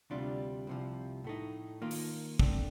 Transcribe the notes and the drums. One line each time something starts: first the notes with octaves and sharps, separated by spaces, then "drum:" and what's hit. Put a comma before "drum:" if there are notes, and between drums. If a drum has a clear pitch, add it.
D2 C3 G3 D4 F4
C2 C3 F3
A2 A3 D#4
D#3 A#3 F4
drum: open hi-hat
D3 A3 C4, drum: kick